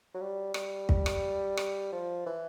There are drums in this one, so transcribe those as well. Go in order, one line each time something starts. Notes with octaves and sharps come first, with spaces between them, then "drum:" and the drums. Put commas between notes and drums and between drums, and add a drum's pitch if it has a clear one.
F#3
G3
G3, drum: rim click
drum: kick
drum: rim click
drum: rim click
F3
E3